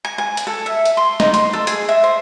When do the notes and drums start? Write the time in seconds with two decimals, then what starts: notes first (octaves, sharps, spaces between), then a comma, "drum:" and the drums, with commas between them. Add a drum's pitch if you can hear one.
0.05 G#5
0.18 G#5
0.37 drum: hi-hat
0.47 A4
0.66 E5
0.86 drum: hi-hat
0.97 C6
1.20 D#4, drum: snare
1.34 C6, drum: hi-hat
1.53 A4
1.67 G#4, drum: hi-hat
1.89 E5
2.04 C5